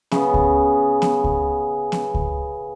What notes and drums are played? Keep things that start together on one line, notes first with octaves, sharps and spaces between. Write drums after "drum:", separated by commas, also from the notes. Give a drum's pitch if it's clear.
C#3 B3, drum: snare B3
drum: kick C#2
drum: snare B3
drum: kick C#2
drum: snare B3
drum: kick C#2